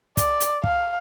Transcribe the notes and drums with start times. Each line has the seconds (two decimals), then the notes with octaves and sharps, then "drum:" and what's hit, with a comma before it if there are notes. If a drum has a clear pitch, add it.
0.17 D5, drum: kick, hi-hat
0.40 drum: hi-hat
0.64 F5, drum: kick